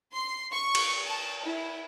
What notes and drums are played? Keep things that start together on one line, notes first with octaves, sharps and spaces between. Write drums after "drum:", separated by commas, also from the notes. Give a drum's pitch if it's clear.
C6
C#6
drum: cymbal
A5
E4